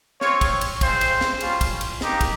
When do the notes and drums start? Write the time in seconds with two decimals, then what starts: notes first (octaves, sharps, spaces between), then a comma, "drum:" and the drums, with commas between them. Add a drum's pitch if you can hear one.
0.21 C4 F4 C#5, drum: snare
0.41 drum: kick, cymbal
0.61 drum: cymbal
0.81 G#3 C4 F4 C5, drum: kick, cymbal
1.01 drum: cymbal
1.21 drum: snare
1.41 G3 C#4 F4, drum: cymbal
1.61 drum: kick, cymbal
1.81 drum: cymbal
2.01 A#3 D#4 G4, drum: snare
2.21 drum: kick, cymbal